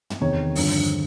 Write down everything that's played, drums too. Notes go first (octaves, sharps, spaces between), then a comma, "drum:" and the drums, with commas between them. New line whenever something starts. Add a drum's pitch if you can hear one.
drum: tom
E2 C3 D#3 C#5
G2 D3 F3, drum: open hi-hat